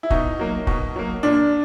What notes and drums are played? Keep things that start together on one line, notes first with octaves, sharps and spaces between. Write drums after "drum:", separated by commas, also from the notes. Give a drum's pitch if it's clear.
E4
B2 D#4, drum: kick
F#3 A#3
B2, drum: kick
F#3 A#3
A#2 D4